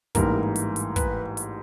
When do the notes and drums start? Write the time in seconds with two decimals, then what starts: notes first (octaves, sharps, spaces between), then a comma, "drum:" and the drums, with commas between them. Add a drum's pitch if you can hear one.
0.15 A1 G#2 E3 G3 A#3 A#4, drum: kick, hi-hat
0.56 drum: hi-hat
0.76 drum: hi-hat
0.96 B4, drum: kick, hi-hat
1.37 drum: hi-hat